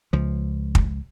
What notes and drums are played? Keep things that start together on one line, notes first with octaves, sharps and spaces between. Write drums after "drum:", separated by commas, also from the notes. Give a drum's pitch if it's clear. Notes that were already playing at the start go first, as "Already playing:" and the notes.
C#2 F3
drum: kick